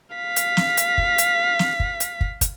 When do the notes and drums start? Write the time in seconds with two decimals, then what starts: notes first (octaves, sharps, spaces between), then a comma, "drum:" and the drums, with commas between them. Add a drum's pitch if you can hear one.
0.16 F5 B6
0.36 drum: hi-hat
0.57 drum: snare
0.77 drum: hi-hat
0.98 drum: kick
1.18 drum: hi-hat
1.59 drum: snare
1.80 drum: kick
2.00 drum: hi-hat
2.21 drum: kick
2.41 drum: kick, hi-hat